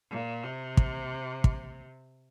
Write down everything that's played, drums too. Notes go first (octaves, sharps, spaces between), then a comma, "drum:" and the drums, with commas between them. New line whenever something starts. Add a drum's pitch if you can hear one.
A#2
C3
drum: kick
drum: kick